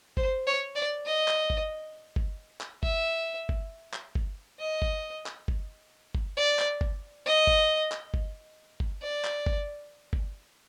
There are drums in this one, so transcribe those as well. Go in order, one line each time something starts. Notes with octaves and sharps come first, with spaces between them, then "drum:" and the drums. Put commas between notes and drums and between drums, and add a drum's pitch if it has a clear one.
C5, drum: kick G1
C#5
D5
D#5
drum: clap
drum: kick G1
drum: kick G1
drum: clap
E5, drum: kick G1
drum: kick G1
drum: clap
drum: kick G1
D#5
drum: kick G1
drum: clap
drum: kick G1
drum: kick G1
D5
drum: clap
drum: kick G1
D#5
drum: kick G1
drum: clap
drum: kick G1
drum: kick G1
D5
drum: clap
drum: kick G1
drum: kick G1